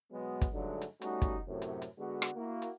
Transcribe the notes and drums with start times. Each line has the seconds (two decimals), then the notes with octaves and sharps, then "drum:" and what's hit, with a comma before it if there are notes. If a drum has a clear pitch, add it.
0.12 B2 F#3 G#3 B3
0.41 drum: kick, hi-hat
0.54 G2 D3 F#3 G#3 A3 D#4
0.82 drum: hi-hat
1.02 G3 A3 C#4 D#4 F#4, drum: hi-hat
1.22 drum: kick, hi-hat
1.48 F#2 A2 C3
1.62 drum: hi-hat
1.82 drum: hi-hat
1.99 D3 G#3 B3 F#4
2.22 drum: rim click
2.36 A#3 E4 F#4
2.62 drum: hi-hat